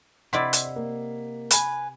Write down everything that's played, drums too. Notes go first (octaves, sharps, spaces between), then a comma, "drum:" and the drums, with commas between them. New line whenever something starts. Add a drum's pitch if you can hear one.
C3 E4 D5 D#5 F#5 B5 C6 B6
drum: hi-hat
A#3
B4 G#5 B5, drum: hi-hat